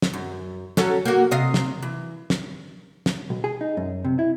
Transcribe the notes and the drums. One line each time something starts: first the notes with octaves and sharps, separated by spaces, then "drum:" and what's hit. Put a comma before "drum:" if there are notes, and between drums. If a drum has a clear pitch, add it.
drum: snare
F#2
F#3 C#4 A4, drum: snare
A#3 F#4
C3 D#5 F5
drum: snare
E3
drum: snare
drum: snare
B1
G#4
D#4
F#2
C3
E4